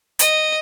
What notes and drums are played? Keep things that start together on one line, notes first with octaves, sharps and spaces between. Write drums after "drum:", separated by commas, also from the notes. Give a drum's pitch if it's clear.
D#5, drum: hi-hat